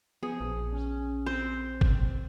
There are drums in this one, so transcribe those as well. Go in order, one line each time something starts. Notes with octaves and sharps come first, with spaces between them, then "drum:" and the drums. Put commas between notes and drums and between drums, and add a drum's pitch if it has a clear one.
F3 B3 G#4
A#1
C#4
C4 C5
drum: kick